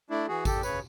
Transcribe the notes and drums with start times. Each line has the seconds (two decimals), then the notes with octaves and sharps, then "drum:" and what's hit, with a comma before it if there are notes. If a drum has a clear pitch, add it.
0.10 A3 D4 E4
0.28 E3 F#4 G#4
0.45 E2 G4 A4, drum: kick G#1, tambourine
0.63 C#3 B4 C#5, drum: tambourine